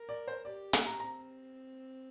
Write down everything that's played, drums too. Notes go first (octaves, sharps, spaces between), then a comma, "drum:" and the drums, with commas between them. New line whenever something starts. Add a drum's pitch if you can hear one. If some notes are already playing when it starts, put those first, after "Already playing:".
Already playing: A#4
D5
C5
G4 D5
F5, drum: hi-hat
A#5
C4 A#5